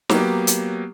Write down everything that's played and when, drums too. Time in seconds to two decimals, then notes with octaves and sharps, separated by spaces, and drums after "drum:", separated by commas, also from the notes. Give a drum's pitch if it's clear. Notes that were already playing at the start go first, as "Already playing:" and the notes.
0.09 F#3 A#3 B3 G4, drum: snare
0.47 drum: hi-hat